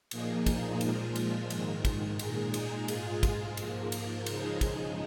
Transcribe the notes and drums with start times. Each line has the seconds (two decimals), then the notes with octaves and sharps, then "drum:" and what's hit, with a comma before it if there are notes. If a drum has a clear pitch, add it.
0.11 A#2 F3 A#3 D#4 G#4, drum: cymbal
0.46 drum: kick, cymbal
0.81 A#2 F3 G#3 F4, drum: cymbal
1.16 drum: cymbal
1.50 G#2 D#3 G#3, drum: cymbal
1.85 drum: kick, cymbal
2.19 A#2 G#3 D#4 G#4, drum: cymbal
2.54 drum: cymbal
2.88 G#2 G#3 F4 G#4, drum: cymbal
3.23 drum: kick, cymbal
3.57 G#2 F3 A#3, drum: cymbal
3.92 drum: cymbal
4.26 C#3 F3 G#3 D#4 G#4, drum: cymbal
4.61 drum: kick, cymbal